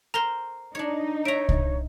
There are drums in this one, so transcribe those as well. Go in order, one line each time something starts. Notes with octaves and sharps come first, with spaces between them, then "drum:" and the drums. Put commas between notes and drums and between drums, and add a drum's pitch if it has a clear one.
A#4 C5 A#5 G7
D4 D#4 C#5
C#5 E5 A#5 D7
drum: kick C2